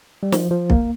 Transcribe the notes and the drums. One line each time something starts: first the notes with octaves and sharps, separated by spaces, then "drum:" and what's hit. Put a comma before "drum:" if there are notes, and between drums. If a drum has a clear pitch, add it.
G3
F3, drum: snare
F3
A#3, drum: kick B1